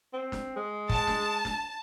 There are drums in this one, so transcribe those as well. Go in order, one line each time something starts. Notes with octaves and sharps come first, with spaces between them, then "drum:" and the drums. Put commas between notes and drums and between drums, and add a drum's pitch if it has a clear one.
C4
drum: snare
G#3
A5, drum: kick
drum: snare
drum: snare